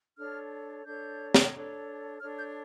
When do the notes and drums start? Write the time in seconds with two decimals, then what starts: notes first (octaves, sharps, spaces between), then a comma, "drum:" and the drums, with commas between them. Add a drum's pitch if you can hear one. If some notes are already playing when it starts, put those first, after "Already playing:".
0.17 D4 A4 C#5 F6
0.85 D4 A4 C#5 G6
1.35 drum: snare
1.53 D4 A4 C#5
2.21 D4 A4 C#5 F6
2.38 G6